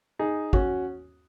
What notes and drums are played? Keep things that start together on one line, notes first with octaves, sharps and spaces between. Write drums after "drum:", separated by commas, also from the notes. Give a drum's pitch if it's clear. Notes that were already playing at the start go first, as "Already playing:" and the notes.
D#4 G#4
C#4 F#4, drum: kick